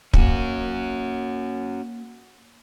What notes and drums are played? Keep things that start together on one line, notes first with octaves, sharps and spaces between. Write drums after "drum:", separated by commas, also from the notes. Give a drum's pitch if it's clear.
A#3 C#4 F#4 G#5, drum: kick